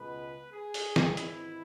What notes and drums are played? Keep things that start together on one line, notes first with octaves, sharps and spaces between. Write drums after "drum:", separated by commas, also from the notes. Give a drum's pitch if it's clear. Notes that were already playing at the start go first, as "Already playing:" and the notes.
Already playing: C#2 B2 G#3 B3 B4
G#4
drum: open hi-hat
drum: snare
G#1 G#2 E3 E4, drum: hi-hat